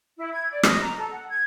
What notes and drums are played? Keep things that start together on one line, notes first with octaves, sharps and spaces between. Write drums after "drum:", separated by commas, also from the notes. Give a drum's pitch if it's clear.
E4
G#6
D5
D#5, drum: rim click
A#5
A4
F#5
G#6